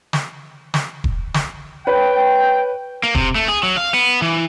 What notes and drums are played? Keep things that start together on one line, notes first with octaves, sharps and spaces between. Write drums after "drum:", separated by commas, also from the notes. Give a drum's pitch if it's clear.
drum: snare
drum: snare
drum: kick E1
drum: snare
B4 C#5 G5
A#3
C3, drum: kick E1
A3
G#4
F#3
F5
B3
E3